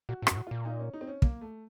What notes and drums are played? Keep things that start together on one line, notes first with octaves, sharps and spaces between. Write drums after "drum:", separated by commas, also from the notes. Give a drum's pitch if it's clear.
A#2 F#4
A2
F#2 F#4, drum: rim click
A2
A#2 F4
D#4
C#4
D#4
C4
C#4
A#3, drum: kick
A3